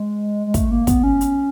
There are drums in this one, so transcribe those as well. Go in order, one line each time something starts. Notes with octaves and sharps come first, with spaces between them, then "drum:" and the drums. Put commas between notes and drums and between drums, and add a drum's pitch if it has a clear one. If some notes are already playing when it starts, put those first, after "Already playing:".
Already playing: G#3
G#3
A3, drum: kick, hi-hat
A#3
B3, drum: kick, hi-hat
C#4
drum: hi-hat